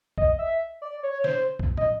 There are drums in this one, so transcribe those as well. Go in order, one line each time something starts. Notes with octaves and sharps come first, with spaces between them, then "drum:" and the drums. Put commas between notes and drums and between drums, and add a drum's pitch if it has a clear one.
D#5, drum: kick
E5
D5
C#5
C5, drum: snare
drum: kick
D#5, drum: tom